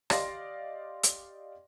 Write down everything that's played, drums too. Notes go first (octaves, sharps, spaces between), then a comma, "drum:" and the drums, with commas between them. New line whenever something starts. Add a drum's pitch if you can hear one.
G4 D5 D#5 F5 C6 A#6, drum: rim click
drum: hi-hat